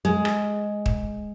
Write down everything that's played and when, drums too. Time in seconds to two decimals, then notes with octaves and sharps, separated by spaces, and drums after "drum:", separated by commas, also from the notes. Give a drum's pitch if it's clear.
0.05 G#3
0.25 drum: rim click
0.86 drum: kick